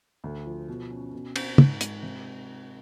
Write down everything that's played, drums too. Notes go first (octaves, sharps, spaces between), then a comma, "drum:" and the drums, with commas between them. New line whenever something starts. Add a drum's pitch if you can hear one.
D2
F3
B2
C#4
B2
C4, drum: cymbal
G#2, drum: tom
G#3, drum: hi-hat
C3